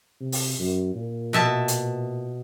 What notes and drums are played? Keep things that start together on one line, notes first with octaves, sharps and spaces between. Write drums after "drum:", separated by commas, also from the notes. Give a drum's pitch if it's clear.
C3
drum: open hi-hat
F#2
A#2
B2 E5 A5
drum: hi-hat